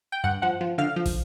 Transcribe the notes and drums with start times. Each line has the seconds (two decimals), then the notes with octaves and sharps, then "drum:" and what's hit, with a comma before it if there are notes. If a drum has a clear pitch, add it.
0.12 G5
0.24 G2 F#5
0.42 F3 F#5
0.61 F3
0.78 D3 F5
0.96 F3
1.06 drum: kick, open hi-hat